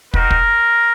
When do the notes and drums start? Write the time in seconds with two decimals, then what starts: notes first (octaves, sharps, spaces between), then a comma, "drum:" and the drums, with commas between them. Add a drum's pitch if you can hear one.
0.14 C4 D#4 F#4 A#4, drum: kick
0.31 drum: kick